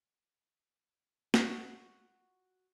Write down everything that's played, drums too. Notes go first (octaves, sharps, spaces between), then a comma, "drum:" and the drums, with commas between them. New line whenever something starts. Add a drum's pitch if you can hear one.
F#4, drum: snare